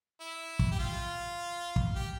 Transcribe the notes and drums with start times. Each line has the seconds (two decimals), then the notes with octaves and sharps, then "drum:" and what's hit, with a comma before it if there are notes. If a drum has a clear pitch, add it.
0.20 E4
0.60 drum: kick
0.71 G4
0.79 F4
1.76 drum: kick
1.95 G4